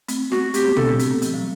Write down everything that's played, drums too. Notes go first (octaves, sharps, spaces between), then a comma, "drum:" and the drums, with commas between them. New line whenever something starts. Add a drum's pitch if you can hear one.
A3 C4, drum: hi-hat
F#4, drum: snare
A3 C4 G4, drum: hi-hat
G3 B3
B3 D4 A4, drum: tom
A3 C4
A3 C4, drum: hi-hat
G3 B3
E3 G3, drum: hi-hat
F#3